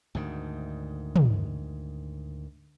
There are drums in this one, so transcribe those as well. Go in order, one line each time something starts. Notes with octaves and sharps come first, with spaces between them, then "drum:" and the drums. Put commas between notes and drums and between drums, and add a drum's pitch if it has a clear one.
D2 G#2 D#3
drum: tom